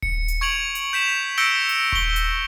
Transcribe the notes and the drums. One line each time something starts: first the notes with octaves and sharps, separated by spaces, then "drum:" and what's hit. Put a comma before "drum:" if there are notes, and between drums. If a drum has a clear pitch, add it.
C#7, drum: kick D#1
drum: hi-hat
C#6 G#6 D7 F7 F#7
drum: hi-hat
G6 B6 E7 F7
E6 G6 A#6 C#7 D7 G7
drum: open hi-hat
C#6 G7, drum: kick D#1
drum: hi-hat